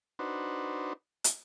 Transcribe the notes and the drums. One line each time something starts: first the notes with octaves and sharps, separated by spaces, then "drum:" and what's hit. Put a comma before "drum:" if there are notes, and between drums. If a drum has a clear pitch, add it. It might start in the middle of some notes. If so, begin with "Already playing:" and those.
D4 D#4 F#4 B4 C5
drum: hi-hat